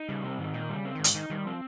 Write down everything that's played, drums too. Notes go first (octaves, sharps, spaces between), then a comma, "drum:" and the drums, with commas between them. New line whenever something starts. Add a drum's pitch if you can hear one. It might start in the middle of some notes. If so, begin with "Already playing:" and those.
Already playing: D#4
C#3 G3
C3 C4
G#2 D#3
A#2 D#4
G3
C#3
C4
G#2 D#3
drum: hi-hat
D#3 D#4
D#3 G3
F3 C4